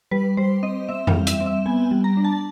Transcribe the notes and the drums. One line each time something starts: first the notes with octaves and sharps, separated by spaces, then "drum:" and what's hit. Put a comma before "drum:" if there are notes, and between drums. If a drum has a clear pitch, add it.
G3 B4
G3 C5
C4 D#5
C4 E5
F5, drum: tom
G3
E5, drum: hi-hat
C4
E5
B3 G#5
G3
A#5
D4
A5